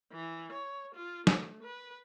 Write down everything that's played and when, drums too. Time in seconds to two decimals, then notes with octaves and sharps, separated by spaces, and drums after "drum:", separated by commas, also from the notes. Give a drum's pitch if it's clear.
0.12 E3
0.52 C#5
0.95 F4
1.27 A3, drum: snare
1.63 B4